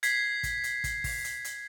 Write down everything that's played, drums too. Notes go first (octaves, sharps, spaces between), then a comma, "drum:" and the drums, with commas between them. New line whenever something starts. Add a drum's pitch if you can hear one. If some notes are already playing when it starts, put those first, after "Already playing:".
G#6 B6 C7, drum: hi-hat
drum: kick, hi-hat
drum: hi-hat
drum: kick, hi-hat
drum: kick, open hi-hat
drum: hi-hat
drum: hi-hat